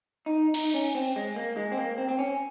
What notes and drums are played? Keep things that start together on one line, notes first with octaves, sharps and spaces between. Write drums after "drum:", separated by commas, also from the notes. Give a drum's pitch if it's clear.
D#4
D#4, drum: cymbal
C#4
C4
G#3
A#3
G#3
C4
A#3
C4
C4
C#4